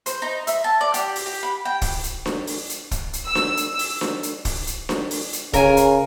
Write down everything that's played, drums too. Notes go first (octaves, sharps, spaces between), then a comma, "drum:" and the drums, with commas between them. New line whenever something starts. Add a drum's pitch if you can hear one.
C5, drum: hi-hat
D#4
E5, drum: hi-hat
A5
D5
G4, drum: hi-hat
drum: open hi-hat
G4
B5
G5
drum: kick, open hi-hat
drum: hi-hat
drum: snare D4
drum: open hi-hat
drum: hi-hat
drum: kick, hi-hat
drum: hi-hat
E6
drum: snare D4
drum: hi-hat
drum: open hi-hat
drum: snare D4
drum: hi-hat
drum: kick, open hi-hat
drum: hi-hat
drum: snare D4
drum: open hi-hat
drum: hi-hat
C#3 A#4 G#5, drum: kick, hi-hat
drum: hi-hat